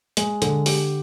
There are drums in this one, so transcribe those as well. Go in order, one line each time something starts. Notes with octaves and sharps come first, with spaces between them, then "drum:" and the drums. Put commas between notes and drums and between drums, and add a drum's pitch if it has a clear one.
G#3, drum: hi-hat
D3, drum: hi-hat
G4, drum: open hi-hat